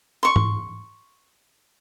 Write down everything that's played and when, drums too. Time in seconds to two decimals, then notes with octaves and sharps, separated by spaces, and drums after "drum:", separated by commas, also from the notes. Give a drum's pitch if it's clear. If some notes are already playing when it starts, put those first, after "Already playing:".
0.23 C6 C#6
0.36 drum: tom G#2